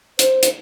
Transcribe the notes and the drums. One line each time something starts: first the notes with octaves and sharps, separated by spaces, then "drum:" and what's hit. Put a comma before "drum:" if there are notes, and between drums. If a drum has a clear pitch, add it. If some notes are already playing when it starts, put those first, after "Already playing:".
C5, drum: hi-hat
drum: hi-hat